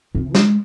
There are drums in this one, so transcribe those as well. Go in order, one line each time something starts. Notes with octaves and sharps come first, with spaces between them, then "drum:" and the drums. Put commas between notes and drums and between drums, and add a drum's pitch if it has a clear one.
C3
G#3, drum: snare